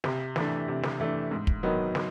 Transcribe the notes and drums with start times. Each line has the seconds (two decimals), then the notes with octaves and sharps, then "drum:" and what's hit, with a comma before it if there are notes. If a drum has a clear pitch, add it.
0.04 C3, drum: snare
0.36 E3 A3 D4, drum: snare
0.68 C3
0.83 drum: snare
1.00 E3 A3 D4
1.31 G#2
1.47 drum: kick
1.63 D#3 F#3 B3 D#4
1.95 drum: snare